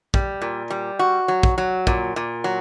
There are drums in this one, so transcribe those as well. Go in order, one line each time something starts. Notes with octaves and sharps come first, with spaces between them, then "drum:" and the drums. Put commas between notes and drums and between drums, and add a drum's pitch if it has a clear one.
G3, drum: kick
A#2
G3
F#4
F#3
drum: kick
F#3
A#2, drum: kick
A#2
F#3